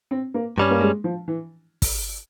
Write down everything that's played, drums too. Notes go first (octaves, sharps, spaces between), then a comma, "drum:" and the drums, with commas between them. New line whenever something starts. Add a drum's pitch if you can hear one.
C4
A#3
G2 G3 C#4
A#3
G#3
F3
E3
drum: kick, open hi-hat